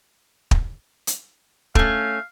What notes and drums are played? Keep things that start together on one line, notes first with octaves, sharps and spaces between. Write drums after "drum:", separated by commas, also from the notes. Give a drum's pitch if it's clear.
drum: kick
drum: hi-hat
A3 C#4 F5, drum: kick